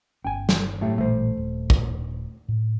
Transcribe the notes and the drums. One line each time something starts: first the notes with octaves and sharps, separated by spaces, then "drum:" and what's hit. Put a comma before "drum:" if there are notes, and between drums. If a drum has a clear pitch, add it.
G1 C#4 G5 G#5
drum: snare
A2 A3 G4
A1 A#2 G3 A3 C5
D#1
drum: kick
A2